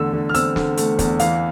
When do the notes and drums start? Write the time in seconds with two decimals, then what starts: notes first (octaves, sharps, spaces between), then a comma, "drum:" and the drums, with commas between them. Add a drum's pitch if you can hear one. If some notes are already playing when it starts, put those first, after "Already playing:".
Already playing: E2 D3 A3 E6
0.13 D3
0.29 F6
0.34 C4 E6, drum: hi-hat
0.56 D3, drum: snare
0.77 A3, drum: hi-hat
0.99 E2, drum: kick, hi-hat
1.19 E3 F5, drum: hi-hat